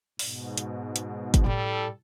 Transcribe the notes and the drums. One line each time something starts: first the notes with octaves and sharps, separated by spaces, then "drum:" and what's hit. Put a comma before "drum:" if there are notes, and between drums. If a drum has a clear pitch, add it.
G#2 B2, drum: open hi-hat
drum: hi-hat
drum: hi-hat
drum: kick F#1, hi-hat
A2 G3 E4 A4